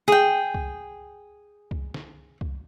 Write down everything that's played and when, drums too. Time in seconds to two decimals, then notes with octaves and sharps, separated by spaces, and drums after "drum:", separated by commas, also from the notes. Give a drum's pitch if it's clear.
0.08 G#4 G5, drum: snare
0.54 drum: kick C2
1.71 drum: kick C2
1.94 drum: snare
2.41 drum: kick C2